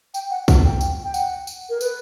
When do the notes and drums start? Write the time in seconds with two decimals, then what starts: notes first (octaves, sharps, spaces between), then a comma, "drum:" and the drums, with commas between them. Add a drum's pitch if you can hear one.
0.14 G5, drum: tambourine
0.31 F#5
0.48 F#5, drum: kick, tambourine
0.64 G5
0.81 drum: tambourine
1.04 G5
1.14 F#5, drum: tambourine
1.47 drum: tambourine
1.70 A#4
1.81 B4, drum: tambourine